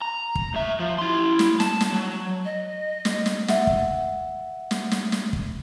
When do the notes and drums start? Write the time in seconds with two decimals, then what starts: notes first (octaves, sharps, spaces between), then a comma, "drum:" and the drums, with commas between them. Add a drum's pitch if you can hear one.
0.02 A#5
0.35 drum: kick
0.54 G#2 E5
0.79 F3
0.98 E4 C6
1.39 drum: snare
1.60 A5, drum: snare
1.81 drum: snare
1.92 F#3
2.45 D#5
3.05 drum: snare
3.26 drum: snare
3.48 E5 F#5, drum: snare
3.67 drum: kick
4.71 drum: snare
4.91 drum: snare
5.12 drum: snare
5.33 drum: kick